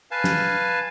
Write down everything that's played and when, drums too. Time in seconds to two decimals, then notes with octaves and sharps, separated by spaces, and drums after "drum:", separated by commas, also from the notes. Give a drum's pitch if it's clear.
0.11 B4 F5 G#5 A5
0.24 drum: snare